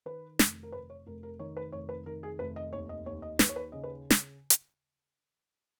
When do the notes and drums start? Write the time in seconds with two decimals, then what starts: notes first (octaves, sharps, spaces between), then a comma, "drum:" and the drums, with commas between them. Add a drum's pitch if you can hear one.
0.06 D#3 B4
0.39 F1, drum: snare
0.63 A#4
0.72 F1 B4
0.90 C#5
1.06 F1 A#4
1.23 A#4
1.39 D#3 C#5
1.57 B4
1.72 F1 C#5
1.89 B4
2.06 D#3 A#4
2.23 G#4
2.39 F1 B4
2.56 D#5
2.73 D#2 C#5
2.89 D#5
3.06 D#2 C#5
3.22 D#5
3.39 D#2 B4, drum: snare
3.49 C#5
3.56 B4
3.72 C#3 D#5
3.84 B4
4.10 drum: snare
4.50 drum: hi-hat